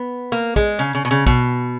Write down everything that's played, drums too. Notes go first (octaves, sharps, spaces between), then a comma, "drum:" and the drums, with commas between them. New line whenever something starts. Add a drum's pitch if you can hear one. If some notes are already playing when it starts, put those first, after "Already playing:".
Already playing: B3
A#3
G#3, drum: kick
C#3
C#3
B2
C#3
B2, drum: kick